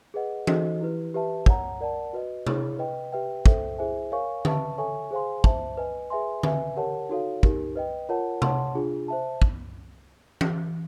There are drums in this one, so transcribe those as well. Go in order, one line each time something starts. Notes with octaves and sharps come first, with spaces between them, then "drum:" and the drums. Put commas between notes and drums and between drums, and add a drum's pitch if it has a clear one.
G#4 B4 D#5 F#5
D#4 F#4 A4 C5 D#5, drum: tom E3
E4 G4 B4
G4 B4 E5 A5
C#5 F#5 A#5, drum: kick
A#4 D5 F#5 A5
F#4 B4 D#5
E4 G#4 C#5, drum: tom C3
B4 D#5 G5
G4 B4 E5 G5
A4 C5 E5 G5, drum: kick
E4 G#4 C5 E5 G#5
A#4 C#5 F5 G#5 C#6
B4 E5 A5 C#6, drum: tom D3
A4 C#5 E5 G#5 C#6
G#4 C5 F5 G#5 C6
C5 E5 A5, drum: kick
B4 D#5 G#5
G#4 B4 E5 G#5 C6
B4 E5 G#5, drum: tom D3
G4 A#4 C#5 F#5 A5
D#4 F#4 A4 C#5 F5
D#4 G4 A#4, drum: kick
B4 D#5 G5
F4 A#4 C#5 F#5 A5
C#5 F#5 A5 C6, drum: tom C3
D4 F4 G#4
C5 E5 A5
drum: kick
drum: tom E3